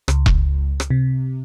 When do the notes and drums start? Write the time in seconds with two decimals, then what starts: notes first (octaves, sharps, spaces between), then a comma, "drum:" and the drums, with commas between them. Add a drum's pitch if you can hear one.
0.08 C#2, drum: rim click
0.26 drum: kick E1
0.80 drum: rim click
0.90 C3